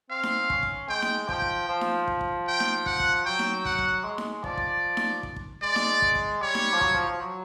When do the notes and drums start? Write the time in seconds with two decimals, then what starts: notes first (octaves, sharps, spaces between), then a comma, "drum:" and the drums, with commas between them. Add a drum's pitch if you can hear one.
0.10 C4 F5
0.23 drum: snare D#4
0.50 C#4, drum: kick
0.63 drum: kick
0.89 G#3 G5
1.02 drum: snare D#4
1.29 F3 G5, drum: kick
1.42 drum: kick
1.68 F3
1.81 drum: snare D#4
2.08 drum: kick
2.21 drum: kick
2.48 G5
2.60 drum: snare D#4
2.86 F#5, drum: kick
3.00 drum: kick
3.25 F#3 G5
3.39 drum: snare D#4
3.65 F#5, drum: kick
3.79 drum: kick
4.04 G#3
4.18 drum: snare D#4
4.44 F3 D5, drum: kick
4.57 drum: kick
4.97 drum: snare D#4
5.23 drum: kick
5.36 drum: kick
5.62 G#3 D5
5.76 drum: snare D#4
6.02 drum: kick
6.15 drum: kick
6.42 G3 C#5
6.55 drum: snare D#4
6.73 F3
6.81 F#3, drum: kick
6.94 F3, drum: kick
7.08 F3
7.21 F#3